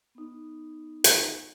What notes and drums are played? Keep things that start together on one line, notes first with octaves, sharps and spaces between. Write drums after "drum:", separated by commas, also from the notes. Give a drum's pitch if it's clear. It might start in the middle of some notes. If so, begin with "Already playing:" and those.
B3 D#4
drum: hi-hat